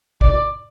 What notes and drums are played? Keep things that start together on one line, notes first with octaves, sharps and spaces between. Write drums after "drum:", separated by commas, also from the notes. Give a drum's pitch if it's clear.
D5, drum: kick